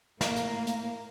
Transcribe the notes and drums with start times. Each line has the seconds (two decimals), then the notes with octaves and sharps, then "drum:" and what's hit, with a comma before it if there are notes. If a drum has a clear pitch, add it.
0.21 A2 A#3 F5 A#5, drum: snare
0.36 drum: hi-hat
0.67 drum: hi-hat